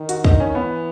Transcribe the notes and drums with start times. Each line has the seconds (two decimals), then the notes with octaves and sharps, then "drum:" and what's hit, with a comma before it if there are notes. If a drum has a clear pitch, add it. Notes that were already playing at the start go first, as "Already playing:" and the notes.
Already playing: D#3
0.09 F#4, drum: hi-hat
0.24 D#4, drum: kick
0.40 C#4
0.55 E3 B3